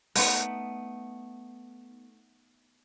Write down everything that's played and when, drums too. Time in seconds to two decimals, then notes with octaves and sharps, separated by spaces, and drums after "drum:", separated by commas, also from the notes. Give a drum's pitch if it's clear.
0.15 A3 B3 D#4, drum: open hi-hat